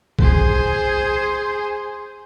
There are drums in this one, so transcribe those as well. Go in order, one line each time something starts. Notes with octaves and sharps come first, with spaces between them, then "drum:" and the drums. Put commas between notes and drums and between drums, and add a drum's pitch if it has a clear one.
G#4 C5, drum: kick